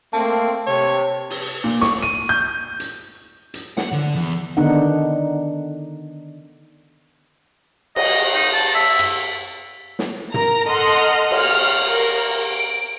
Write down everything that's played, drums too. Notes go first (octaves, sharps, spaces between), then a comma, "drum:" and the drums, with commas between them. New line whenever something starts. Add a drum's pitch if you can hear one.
A3 A#3 C4 A5
C3 C#5
drum: open hi-hat
A#2
C#6, drum: snare
D#7
G6
drum: hi-hat
drum: hi-hat
F#5, drum: snare
D3
E2
D3 D#3 B3 D4 D#4 F#5
D#5, drum: cymbal
D#4
A5
E5
drum: rim click
drum: snare
A#4 A#5, drum: tom
A4 D#5 F#5 C6 F6
F6, drum: cymbal
A#4
D7